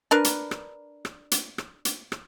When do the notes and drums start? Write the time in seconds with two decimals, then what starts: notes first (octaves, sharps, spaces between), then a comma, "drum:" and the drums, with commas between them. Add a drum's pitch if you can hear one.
0.11 D4 A#4 B4
0.24 drum: hi-hat
0.51 drum: rim click
1.05 drum: rim click
1.31 drum: hi-hat
1.58 drum: rim click
1.85 drum: hi-hat
2.12 drum: rim click